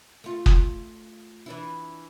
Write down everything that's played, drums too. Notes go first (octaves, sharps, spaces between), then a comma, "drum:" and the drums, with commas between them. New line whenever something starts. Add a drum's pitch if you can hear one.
A3 F4
drum: kick
E3 D4 E4